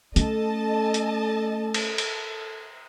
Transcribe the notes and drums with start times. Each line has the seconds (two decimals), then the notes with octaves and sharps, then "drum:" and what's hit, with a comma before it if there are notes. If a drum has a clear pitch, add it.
0.16 A3 C#4 A4 D#5 A5, drum: hi-hat
0.94 drum: hi-hat
1.74 drum: cymbal
1.98 drum: cymbal